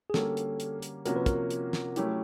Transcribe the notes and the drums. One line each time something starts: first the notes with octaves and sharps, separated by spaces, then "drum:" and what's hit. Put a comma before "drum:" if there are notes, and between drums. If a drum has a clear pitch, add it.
G#4
D3 G3 A#3 C#4 F#4 A4, drum: snare
drum: hi-hat
drum: hi-hat
drum: hi-hat
C3 F3 A#3 C#4 F#4 A#4, drum: hi-hat
B4
A#4, drum: kick, hi-hat
drum: hi-hat
drum: snare
F#3 A3 C#4 E4 G4, drum: hi-hat